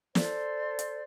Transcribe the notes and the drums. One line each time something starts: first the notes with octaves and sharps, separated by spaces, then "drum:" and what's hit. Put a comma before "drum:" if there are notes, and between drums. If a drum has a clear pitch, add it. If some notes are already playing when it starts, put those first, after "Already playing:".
A4 C5 D5, drum: snare
drum: hi-hat